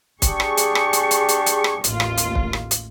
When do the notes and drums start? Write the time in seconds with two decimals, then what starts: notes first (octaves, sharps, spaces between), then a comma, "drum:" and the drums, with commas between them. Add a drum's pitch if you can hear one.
0.22 D4 G4 G#4 C#6, drum: kick, hi-hat
0.40 drum: rim click
0.58 drum: hi-hat
0.75 drum: rim click
0.93 drum: hi-hat
1.11 drum: hi-hat
1.29 drum: hi-hat
1.46 drum: hi-hat
1.64 drum: rim click
1.84 A1 D#2 F4, drum: hi-hat
2.00 drum: rim click
2.18 drum: hi-hat
2.35 drum: kick
2.53 drum: rim click
2.71 drum: hi-hat